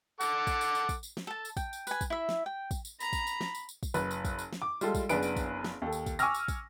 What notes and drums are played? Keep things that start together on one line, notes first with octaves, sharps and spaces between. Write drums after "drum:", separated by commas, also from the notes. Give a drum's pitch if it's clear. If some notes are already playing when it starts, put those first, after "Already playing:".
A4 F#5 D6, drum: tambourine
drum: kick, tambourine
drum: tambourine
drum: tambourine
drum: kick, tambourine
drum: tambourine
drum: snare
A4 A5
drum: tambourine
G5, drum: kick, tambourine
drum: tambourine
B4 G#5, drum: tambourine
drum: kick, tambourine
E4 E5
drum: snare
G5
drum: kick, tambourine
drum: tambourine
A#5 B5, drum: tambourine
drum: kick, tambourine
drum: tambourine
drum: snare
drum: tambourine
drum: tambourine
drum: kick, tambourine
F#1 B4, drum: tambourine
drum: tambourine
drum: kick, tambourine
drum: tambourine
drum: snare
D6
G3 G#3 F4 A4, drum: tambourine
drum: kick, tambourine
F#1 B3 D4 G#4 B4 D7, drum: tambourine
drum: tambourine
drum: kick, tambourine
drum: snare
D#2 A4
drum: tambourine
drum: kick, tambourine
G#5 C#6 D6 E6 F6 A#6, drum: tambourine
drum: tambourine
drum: kick, tambourine